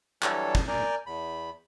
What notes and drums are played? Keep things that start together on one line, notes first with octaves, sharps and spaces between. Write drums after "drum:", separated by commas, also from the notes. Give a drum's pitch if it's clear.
E3 F#3 G3 D4 A4 C#5, drum: clap
drum: kick
A#4 D5 G#5 F6 G6
E2 B5